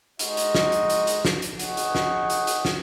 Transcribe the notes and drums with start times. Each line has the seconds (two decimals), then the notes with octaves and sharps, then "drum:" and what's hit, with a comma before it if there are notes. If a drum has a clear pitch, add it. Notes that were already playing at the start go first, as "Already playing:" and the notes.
0.19 G#3 D#4 F#4 D#5, drum: hi-hat
0.37 drum: hi-hat
0.55 drum: snare
0.72 drum: hi-hat
0.90 drum: hi-hat
1.07 drum: hi-hat
1.25 drum: snare
1.42 drum: hi-hat
1.59 D#4 G#4 C#5 F#5, drum: hi-hat
1.77 drum: hi-hat
1.95 drum: snare
2.30 drum: hi-hat
2.47 drum: hi-hat
2.65 drum: snare